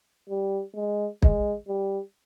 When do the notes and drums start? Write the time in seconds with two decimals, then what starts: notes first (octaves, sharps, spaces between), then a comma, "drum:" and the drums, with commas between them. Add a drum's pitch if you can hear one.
0.29 G3
0.75 G#3
1.22 G#3, drum: kick
1.68 G3